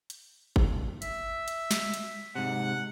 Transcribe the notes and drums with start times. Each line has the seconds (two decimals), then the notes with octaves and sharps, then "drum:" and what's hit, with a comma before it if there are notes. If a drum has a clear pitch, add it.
0.10 drum: hi-hat
0.56 drum: kick G1
1.02 E5, drum: hi-hat
1.48 drum: hi-hat
1.71 drum: snare
1.94 drum: hi-hat
2.35 G#2 C3 F#5